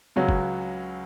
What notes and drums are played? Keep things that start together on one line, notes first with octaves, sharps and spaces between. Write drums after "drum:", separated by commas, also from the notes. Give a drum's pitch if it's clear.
C#2 C#3 F#3 C#4 F#4
drum: kick